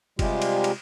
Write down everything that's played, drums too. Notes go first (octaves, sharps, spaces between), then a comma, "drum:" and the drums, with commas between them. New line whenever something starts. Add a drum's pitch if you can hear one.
C3 G3 G#3 F4 G4, drum: kick F#1, cymbal
drum: cymbal
drum: cymbal